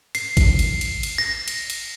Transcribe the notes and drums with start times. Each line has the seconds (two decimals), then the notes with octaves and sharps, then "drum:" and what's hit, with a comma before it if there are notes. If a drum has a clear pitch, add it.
0.15 C7, drum: cymbal
0.37 drum: kick G#1, cymbal
0.59 drum: cymbal
0.81 drum: cymbal
1.03 drum: cymbal
1.18 A#6
1.48 drum: cymbal
1.70 drum: cymbal